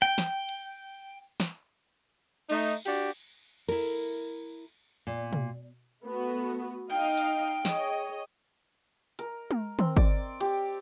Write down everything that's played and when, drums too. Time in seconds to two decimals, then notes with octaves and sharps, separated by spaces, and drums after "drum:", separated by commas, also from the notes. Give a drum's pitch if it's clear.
0.02 G5
0.18 drum: snare
0.49 drum: cymbal
1.40 drum: snare
2.50 A3 D#4, drum: cymbal
2.85 D4 F#4 G4, drum: cymbal
3.68 E4 A#4, drum: cymbal
5.07 A#2
5.33 drum: tom B2
6.03 A3 B3 F#4
6.90 D#4 D#5 F5 G5
7.17 drum: open hi-hat
7.65 G#4 C#5 D#5, drum: snare
9.19 A#4, drum: hi-hat
9.51 drum: tom G#3
9.79 C4, drum: tom D#3
9.97 D5, drum: kick G#1
10.41 G4, drum: cymbal